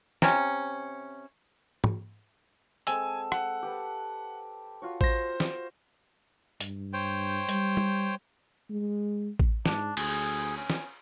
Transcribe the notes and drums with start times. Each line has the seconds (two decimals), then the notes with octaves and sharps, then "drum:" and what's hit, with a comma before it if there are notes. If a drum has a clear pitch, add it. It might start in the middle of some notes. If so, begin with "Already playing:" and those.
0.22 C3 C#4, drum: snare
1.84 drum: tom
2.87 G#3 C4 A4 G#5 E6, drum: hi-hat
3.32 F#5, drum: rim click
3.63 G4 B4 A5
4.82 F4 F#4 C#5
5.01 C5 A#6, drum: kick A1
5.40 drum: snare
6.60 G2, drum: hi-hat
6.93 C5 C#5 G5
7.49 G3, drum: hi-hat
7.77 drum: tom G3
8.70 G#3
9.39 drum: kick A1
9.66 G#2 D4, drum: snare
9.97 D2 G#4, drum: cymbal
10.57 C#4
10.70 drum: snare